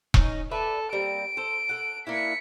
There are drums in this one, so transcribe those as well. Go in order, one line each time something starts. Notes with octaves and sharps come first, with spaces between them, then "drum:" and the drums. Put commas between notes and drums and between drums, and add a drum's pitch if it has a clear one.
C#4 D#4, drum: kick E1
A4 B4 D5 E5
G3 A#3 C4 D7
A4 C5
A4 F#5
A#3 D4 E4 B6 C#7